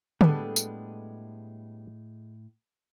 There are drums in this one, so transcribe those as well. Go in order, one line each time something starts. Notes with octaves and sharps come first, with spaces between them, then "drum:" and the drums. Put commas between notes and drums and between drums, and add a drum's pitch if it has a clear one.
A2 G3 G#3 B3 D4 A4, drum: tom D3
drum: tambourine